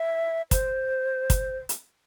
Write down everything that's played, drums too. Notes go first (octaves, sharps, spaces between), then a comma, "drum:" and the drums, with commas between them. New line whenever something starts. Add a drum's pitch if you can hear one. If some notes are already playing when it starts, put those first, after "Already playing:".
Already playing: E5
C5, drum: kick, hi-hat
drum: kick, hi-hat
drum: hi-hat